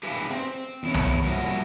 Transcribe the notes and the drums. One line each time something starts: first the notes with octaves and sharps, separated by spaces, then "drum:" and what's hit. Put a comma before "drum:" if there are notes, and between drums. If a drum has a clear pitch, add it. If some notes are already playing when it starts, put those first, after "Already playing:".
G4 G#4 B4 E5 F5
C4, drum: hi-hat
E2 E4 C#5
drum: tom
F3 G3 A#3 E4 F#4 G4